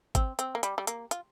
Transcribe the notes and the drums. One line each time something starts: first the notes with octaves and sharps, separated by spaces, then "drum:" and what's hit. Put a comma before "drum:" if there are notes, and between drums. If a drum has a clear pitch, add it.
C4, drum: kick G#1, hi-hat
C4, drum: hi-hat
A#3
G3, drum: hi-hat
G3
A#3, drum: hi-hat
F4, drum: hi-hat